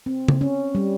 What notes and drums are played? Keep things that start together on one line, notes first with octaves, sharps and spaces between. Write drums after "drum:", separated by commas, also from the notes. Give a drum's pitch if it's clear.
C4
drum: tom C#3
C#4
G3